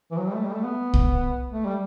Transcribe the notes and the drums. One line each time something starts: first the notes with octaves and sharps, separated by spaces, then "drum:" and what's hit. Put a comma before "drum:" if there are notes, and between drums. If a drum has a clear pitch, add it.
E3
F#3
G3
A3
G3
A3
B3
drum: kick C2
A3
G3